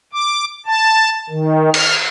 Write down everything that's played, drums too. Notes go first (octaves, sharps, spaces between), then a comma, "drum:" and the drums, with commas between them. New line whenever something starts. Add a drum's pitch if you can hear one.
D6
A5
D#3
F6, drum: cymbal